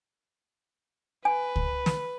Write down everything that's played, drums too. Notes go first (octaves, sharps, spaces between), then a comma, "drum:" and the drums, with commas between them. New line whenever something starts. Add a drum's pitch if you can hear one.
B4 G#5
drum: kick C#2
drum: snare